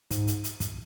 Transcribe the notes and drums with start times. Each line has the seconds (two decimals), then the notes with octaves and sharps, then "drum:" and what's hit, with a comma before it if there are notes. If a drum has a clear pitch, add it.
0.11 G#2, drum: kick, hi-hat
0.27 drum: hi-hat
0.44 drum: hi-hat
0.60 drum: kick, hi-hat